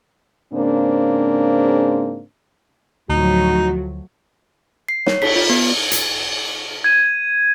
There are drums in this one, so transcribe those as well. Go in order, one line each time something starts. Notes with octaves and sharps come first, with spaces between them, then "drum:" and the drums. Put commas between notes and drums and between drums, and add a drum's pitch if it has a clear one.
G#2 C#3 A#3 C4 D4 C5
D2 A2 F3 F#3 D#4 F#4
C7
C#5, drum: snare
B6, drum: cymbal
F4
B3
drum: hi-hat
G#6 D#7